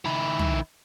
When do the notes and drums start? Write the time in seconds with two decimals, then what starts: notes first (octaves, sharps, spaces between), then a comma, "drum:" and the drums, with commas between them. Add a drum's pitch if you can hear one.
0.05 D#3 E4
0.39 drum: tom